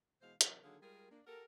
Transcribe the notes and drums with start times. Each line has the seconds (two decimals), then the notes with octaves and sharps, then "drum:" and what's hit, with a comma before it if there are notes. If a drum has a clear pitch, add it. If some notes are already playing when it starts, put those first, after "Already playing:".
0.22 B2 E3 G#3 C5 F5
0.41 C3 E3 F#3 D4 D#4 A#4, drum: hi-hat
0.63 D3 D#3 F#3 A#3 G#4
0.82 G3 G#3 F4 G#4 A#4
1.11 A#3 D4
1.27 F#4 G4 A4 A#4